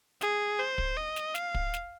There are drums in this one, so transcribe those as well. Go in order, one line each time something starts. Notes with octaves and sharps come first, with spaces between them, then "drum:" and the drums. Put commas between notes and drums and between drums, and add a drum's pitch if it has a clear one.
G#4, drum: snare
C5
drum: kick
D#5
drum: snare
F5, drum: snare
drum: kick
drum: snare